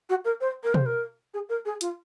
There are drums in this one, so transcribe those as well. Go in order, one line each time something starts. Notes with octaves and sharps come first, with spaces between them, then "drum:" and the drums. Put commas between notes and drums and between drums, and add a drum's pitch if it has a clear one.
F#4
A#4
C5
A#4
C5, drum: tom B2
A#4
G#4
A#4
G#4
F4, drum: hi-hat